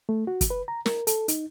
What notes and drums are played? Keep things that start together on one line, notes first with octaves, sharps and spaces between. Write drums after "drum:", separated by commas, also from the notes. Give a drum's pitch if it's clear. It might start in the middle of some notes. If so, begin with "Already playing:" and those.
A3
F#4
drum: kick, hi-hat
B4
A#5
A#4, drum: snare
A4, drum: hi-hat
D#4, drum: hi-hat